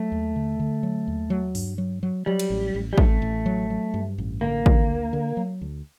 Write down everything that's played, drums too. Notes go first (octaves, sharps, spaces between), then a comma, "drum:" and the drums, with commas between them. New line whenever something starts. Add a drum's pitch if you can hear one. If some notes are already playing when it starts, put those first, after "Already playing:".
Already playing: F#3 A3
D#2
D3
D3
F#3
D#2
F#3
G2, drum: open hi-hat
F#3
F#3
F#3 G3
drum: cymbal
A1
A1
G3
A1 A3, drum: kick
A1
F#3
F#3
G2
A1
D3 A#3
D3, drum: kick
D2
D3
F#3
D2